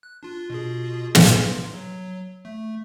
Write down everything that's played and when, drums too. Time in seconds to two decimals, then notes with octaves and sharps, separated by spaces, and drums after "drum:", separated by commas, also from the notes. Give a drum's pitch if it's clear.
0.03 F#6
0.23 D4 F4
0.50 B2 F4 G#4
1.15 C6, drum: snare
1.74 F#3
2.45 A3